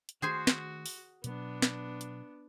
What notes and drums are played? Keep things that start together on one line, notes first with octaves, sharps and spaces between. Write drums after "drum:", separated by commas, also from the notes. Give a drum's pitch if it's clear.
drum: hi-hat
D#3 A3 D4 F#4 G#4 C5 G#5
drum: snare
drum: open hi-hat
B2 F#3 B3 D4, drum: hi-hat
drum: snare
drum: hi-hat